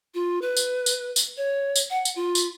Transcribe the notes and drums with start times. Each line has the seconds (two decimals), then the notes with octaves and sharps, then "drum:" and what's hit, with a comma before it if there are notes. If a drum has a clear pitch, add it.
0.14 F4
0.42 B4
0.57 drum: tambourine
0.86 drum: tambourine
1.16 drum: tambourine
1.37 C#5
1.76 drum: tambourine
1.90 F#5
2.05 drum: tambourine
2.16 F4
2.35 drum: tambourine